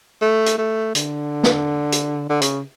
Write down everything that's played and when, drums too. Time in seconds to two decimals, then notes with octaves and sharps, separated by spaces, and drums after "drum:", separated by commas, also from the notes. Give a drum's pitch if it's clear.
0.22 A3
0.46 drum: hi-hat
0.58 A3
0.95 D3, drum: hi-hat
1.44 drum: snare
1.92 drum: hi-hat
2.29 D3
2.41 C#3, drum: hi-hat